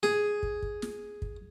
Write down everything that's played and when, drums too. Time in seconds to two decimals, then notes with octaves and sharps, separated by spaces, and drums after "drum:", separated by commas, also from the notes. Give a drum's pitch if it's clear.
0.03 G#4, drum: snare
0.43 drum: kick
0.62 drum: kick
0.82 drum: snare
1.22 drum: kick